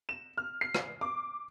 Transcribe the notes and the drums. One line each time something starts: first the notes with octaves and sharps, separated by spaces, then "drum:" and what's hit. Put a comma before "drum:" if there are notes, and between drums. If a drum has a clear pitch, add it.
E7
F6
C7
drum: rim click
D6